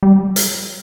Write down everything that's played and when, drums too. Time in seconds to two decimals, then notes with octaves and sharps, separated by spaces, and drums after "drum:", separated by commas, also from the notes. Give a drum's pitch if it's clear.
0.03 G3
0.36 drum: hi-hat